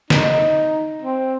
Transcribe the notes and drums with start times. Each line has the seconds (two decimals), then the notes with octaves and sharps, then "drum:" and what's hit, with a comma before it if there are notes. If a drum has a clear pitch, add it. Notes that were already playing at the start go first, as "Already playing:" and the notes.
0.10 D#4, drum: snare
1.02 C4